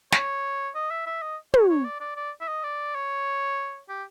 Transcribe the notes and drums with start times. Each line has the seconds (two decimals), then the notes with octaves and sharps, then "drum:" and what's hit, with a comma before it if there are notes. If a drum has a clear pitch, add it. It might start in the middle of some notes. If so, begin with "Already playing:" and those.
0.12 C#5, drum: snare
0.75 D#5
0.91 E5
1.06 E5
1.22 D#5
1.54 C#5, drum: tom
1.70 C#5
1.85 D5
2.00 D5
2.17 D5
2.41 E5
2.48 D#5
2.63 D5
2.95 C#5
3.89 G4